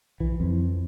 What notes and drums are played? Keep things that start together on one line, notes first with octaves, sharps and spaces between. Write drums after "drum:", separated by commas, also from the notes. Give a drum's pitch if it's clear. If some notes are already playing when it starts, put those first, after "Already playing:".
E3, drum: kick A#1
F2